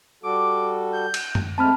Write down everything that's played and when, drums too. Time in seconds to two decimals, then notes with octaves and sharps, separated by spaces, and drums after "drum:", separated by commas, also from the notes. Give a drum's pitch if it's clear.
0.23 G3 F#4 A4 D6
0.93 G6
1.14 drum: cymbal
1.35 drum: tom F#2
1.58 G#3 A3 C4 A5 B5 F6